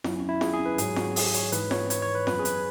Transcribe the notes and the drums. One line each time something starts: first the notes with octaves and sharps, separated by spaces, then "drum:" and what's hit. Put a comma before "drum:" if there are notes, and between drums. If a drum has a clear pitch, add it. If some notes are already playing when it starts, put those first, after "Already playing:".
F#2 F#3 E4, drum: snare
C#4
E4
G#4, drum: snare
G#4
B4
G#2 F#3 G#4, drum: hi-hat
F#4, drum: snare
G#4, drum: open hi-hat
C#5, drum: hi-hat
G#2 E3 B4, drum: hi-hat
C#5, drum: snare
C#5, drum: hi-hat
C#5
B4
F#2 F#3 B4, drum: snare
G#4
B4, drum: hi-hat